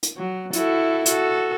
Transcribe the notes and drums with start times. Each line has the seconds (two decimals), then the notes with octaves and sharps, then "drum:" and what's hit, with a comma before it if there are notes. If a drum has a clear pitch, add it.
0.03 drum: hi-hat
0.17 F#3
0.53 E4 F#4 A4, drum: hi-hat
1.06 F#4 A4, drum: hi-hat